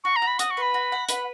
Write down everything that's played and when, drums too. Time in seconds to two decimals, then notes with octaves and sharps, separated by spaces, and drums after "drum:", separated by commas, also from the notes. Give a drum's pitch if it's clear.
0.04 F#4 C#6
0.16 A#5
0.22 F#4
0.27 B5
0.39 F#4 D#6, drum: hi-hat
0.51 C#6
0.57 B4
0.62 B5
0.74 F#4
0.92 F#5
1.09 B4 B5, drum: hi-hat